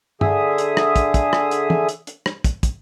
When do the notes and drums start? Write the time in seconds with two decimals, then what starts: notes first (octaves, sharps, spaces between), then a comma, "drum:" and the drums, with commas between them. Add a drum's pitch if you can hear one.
0.21 D3 G#4 E5 D#6, drum: tom G2
0.58 drum: hi-hat
0.77 drum: rim click
0.96 drum: kick, hi-hat
1.14 drum: kick, hi-hat
1.33 drum: rim click
1.51 drum: hi-hat
1.70 drum: tom
1.89 drum: hi-hat
2.07 drum: hi-hat
2.26 drum: rim click
2.44 drum: kick, hi-hat
2.63 drum: kick, hi-hat